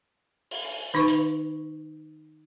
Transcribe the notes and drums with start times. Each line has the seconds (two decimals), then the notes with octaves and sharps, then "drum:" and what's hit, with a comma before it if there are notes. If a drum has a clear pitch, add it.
0.51 drum: open hi-hat
0.94 D#3 D#4 B4 C#6
1.08 drum: hi-hat